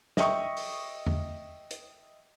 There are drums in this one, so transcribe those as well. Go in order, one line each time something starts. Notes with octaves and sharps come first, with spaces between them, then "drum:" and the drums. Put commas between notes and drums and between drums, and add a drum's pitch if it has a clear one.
D#5 E5 G5 C#6 D#6, drum: snare
drum: open hi-hat
drum: tom E2
drum: hi-hat